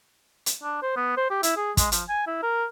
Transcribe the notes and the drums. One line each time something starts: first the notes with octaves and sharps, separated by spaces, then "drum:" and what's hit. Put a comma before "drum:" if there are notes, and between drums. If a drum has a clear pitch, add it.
drum: hi-hat
D4
C5
B3
C5
G4
E4, drum: hi-hat
G#4
G#3, drum: kick, hi-hat
F3, drum: hi-hat
G#5
E4
A#4